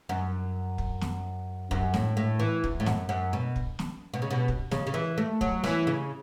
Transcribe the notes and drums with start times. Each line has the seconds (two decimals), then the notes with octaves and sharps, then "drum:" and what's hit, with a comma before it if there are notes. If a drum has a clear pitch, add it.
0.09 F#2
0.78 drum: kick
1.01 drum: snare
1.71 F#2, drum: kick
1.94 A2, drum: snare
2.17 A2
2.40 E3
2.64 E2, drum: kick
2.80 A2
2.86 F#2, drum: snare
3.09 F#2
3.33 B2
3.56 drum: kick
3.79 drum: snare
4.14 B2
4.22 C#3
4.31 B2
4.48 drum: kick
4.71 C#3, drum: snare
4.87 C#3
4.94 E3
5.18 A3
5.41 F#3, drum: kick
5.64 E3, drum: snare
5.87 C#3